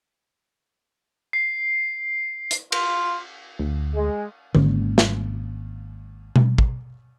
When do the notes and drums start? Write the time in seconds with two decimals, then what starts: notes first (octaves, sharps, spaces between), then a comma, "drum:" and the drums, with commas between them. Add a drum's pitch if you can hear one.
1.33 C7
2.51 drum: hi-hat
2.72 F4, drum: cymbal
3.59 D2
3.95 G#3
4.55 G#1 G#2 A#3 C#4, drum: tom D3
4.98 drum: snare
6.36 drum: tom B2
6.58 drum: kick